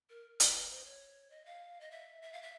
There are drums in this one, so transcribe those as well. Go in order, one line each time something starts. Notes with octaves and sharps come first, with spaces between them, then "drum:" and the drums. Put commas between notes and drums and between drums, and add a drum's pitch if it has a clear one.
A#4
B4, drum: hi-hat
C5
C#5
D#5
F5
D#5
E5
E5
F5
E5